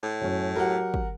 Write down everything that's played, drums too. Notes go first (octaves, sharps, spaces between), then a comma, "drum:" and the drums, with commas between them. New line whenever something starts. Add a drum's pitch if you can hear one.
A2
F#2 C#4
F#3 G4 A#4 F#5
drum: kick